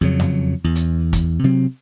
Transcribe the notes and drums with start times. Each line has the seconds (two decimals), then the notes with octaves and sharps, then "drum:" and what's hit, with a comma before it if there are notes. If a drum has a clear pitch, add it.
0.01 F2 C#3 F#3
0.20 drum: tom F2
0.64 E2
0.76 drum: hi-hat
1.13 drum: kick, hi-hat
1.44 C3 F#3 C4